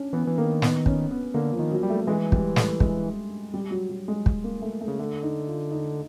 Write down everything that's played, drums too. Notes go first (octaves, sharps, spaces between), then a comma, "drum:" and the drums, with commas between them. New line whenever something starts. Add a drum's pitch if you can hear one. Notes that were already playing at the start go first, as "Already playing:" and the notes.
Already playing: C#4 D4
E3 B3
E3
D#3 A#3
B3, drum: snare
C#4, drum: kick
B3
D3 A#3
F3
D#3
F#3
G3
A3
E3 G#3
G3, drum: kick
A3, drum: snare
G#3, drum: kick
G3
F#3
F#3
G#3
drum: kick
A#3
A3
A3
C#3
D3 A3
D#4
F4
D#4